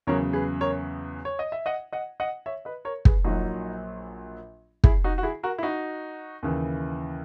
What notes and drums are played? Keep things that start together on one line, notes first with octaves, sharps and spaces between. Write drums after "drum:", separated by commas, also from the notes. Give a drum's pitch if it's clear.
E2 C#3 F#3 A#4 C#5
G#4 B4
A#4 C#5
C#5
D#5
E5
D#5 F#5
D#5 F#5
D#5 F#5
C#5 E5
B4 D#5
A#4 C#5
G#4 B4, drum: kick
A#1 A#2 F#3 D#4 F#4
E4 G#4, drum: kick
D#4 F#4
F#4
E4 G#4
F#4 A#4
E4
D#4 F#4
D#2 C#3 E3